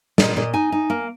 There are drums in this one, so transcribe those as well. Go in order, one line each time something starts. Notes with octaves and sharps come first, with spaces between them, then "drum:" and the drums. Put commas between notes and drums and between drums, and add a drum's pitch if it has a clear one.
A#2 D#5, drum: snare
A#2 D#5
D#4 G#5
D#4
A#3